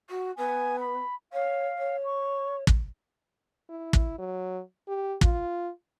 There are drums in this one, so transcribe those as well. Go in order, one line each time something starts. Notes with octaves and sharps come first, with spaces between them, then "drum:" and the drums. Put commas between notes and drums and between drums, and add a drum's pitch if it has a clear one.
F#4
B3 G#5
B5
C#5 F5
C#5
C#6
drum: kick
E4
drum: kick
F#3
G4
F4, drum: kick